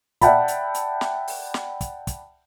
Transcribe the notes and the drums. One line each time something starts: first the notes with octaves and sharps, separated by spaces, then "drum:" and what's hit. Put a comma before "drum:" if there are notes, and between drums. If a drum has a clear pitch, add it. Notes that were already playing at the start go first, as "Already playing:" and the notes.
D5 E5 F#5 G5 A5 B5, drum: kick, hi-hat
drum: hi-hat
drum: hi-hat
drum: snare
drum: open hi-hat
drum: snare
drum: kick, hi-hat
drum: kick, hi-hat